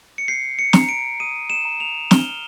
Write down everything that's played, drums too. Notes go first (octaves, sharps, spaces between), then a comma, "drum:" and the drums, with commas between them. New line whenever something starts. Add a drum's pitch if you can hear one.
C#7
G6 C7
C#7
A#5, drum: snare
D7
D#6 D#7
E7
A#5
F7
F6 G7, drum: snare